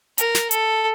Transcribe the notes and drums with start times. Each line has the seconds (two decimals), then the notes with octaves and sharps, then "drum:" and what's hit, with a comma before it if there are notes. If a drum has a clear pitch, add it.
0.18 A#4, drum: hi-hat
0.35 drum: snare
0.51 A4, drum: hi-hat